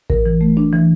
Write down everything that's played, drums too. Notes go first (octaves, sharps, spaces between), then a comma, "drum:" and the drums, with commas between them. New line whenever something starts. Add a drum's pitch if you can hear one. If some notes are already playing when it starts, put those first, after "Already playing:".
A#4, drum: kick A1
E3
A3
D4
E3